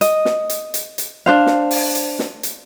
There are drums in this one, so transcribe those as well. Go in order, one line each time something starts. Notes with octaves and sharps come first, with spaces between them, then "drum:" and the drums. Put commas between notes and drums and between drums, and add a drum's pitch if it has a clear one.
D#5, drum: hi-hat
drum: snare
drum: hi-hat
drum: hi-hat
drum: hi-hat
D4 C5 F5
drum: snare
drum: open hi-hat
drum: hi-hat
drum: snare
drum: hi-hat